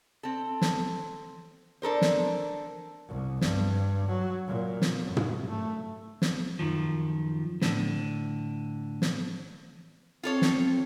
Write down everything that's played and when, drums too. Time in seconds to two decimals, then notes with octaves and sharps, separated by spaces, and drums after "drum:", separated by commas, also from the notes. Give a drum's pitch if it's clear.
0.23 C4 A4
0.61 drum: snare
1.82 D4 A4 A#4 C5
2.02 drum: snare
3.08 C2
3.41 G2, drum: snare
4.08 F#3
4.47 A#2
4.82 drum: snare
5.03 F#2
5.17 drum: tom
5.48 A3
6.22 drum: snare
6.59 F#2 D#3 F3
7.61 A2 D3, drum: snare
9.02 drum: snare
10.23 C4 F4 A4 C#5
10.42 drum: snare